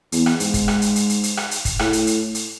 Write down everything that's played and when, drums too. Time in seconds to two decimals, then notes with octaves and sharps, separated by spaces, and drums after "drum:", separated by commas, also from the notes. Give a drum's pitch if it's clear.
0.12 E2, drum: hi-hat
0.26 drum: rim click
0.40 G#2, drum: hi-hat
0.54 drum: kick, hi-hat
0.68 drum: rim click
0.82 drum: hi-hat
0.96 drum: hi-hat
1.09 drum: hi-hat
1.23 drum: hi-hat
1.37 drum: rim click
1.51 drum: hi-hat
1.65 drum: kick, hi-hat
1.79 A2, drum: rim click
1.93 drum: hi-hat
2.07 drum: hi-hat
2.35 drum: hi-hat